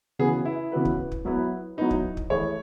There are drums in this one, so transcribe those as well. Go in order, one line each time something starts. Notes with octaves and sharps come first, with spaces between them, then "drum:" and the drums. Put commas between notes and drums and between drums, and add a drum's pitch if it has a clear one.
C#3 E3 B3 F#4 G#4 B4
E4
C#3 E3 B3 F#4 B4
drum: kick
drum: kick
F#3 B3 E4 B4
F#3 B3 D#4 E4 B4
drum: kick
drum: kick
E3 A3 E4 G#4 C#5